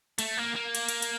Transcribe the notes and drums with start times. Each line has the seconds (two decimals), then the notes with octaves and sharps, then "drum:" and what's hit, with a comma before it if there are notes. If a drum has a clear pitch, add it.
0.18 A3, drum: cymbal
0.37 A#3
0.55 A#3
0.75 drum: cymbal
0.89 drum: cymbal
1.02 drum: cymbal